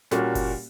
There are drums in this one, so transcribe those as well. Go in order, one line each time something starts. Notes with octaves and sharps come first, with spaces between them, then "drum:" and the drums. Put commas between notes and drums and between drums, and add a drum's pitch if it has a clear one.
A#2 G3 A#3 C#4 F#4, drum: snare
drum: kick F#1, open hi-hat